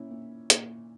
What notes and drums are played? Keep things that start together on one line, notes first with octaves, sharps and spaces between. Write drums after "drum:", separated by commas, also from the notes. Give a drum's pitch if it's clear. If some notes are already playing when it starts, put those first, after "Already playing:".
Already playing: A#2 C#4 E4
A#2
A#2, drum: hi-hat